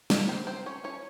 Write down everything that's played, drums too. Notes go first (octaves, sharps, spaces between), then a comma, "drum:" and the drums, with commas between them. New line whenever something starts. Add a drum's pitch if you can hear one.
A#3 A#4, drum: snare
C4 C5
C4 C5
C#4 C#5
C#4 C#5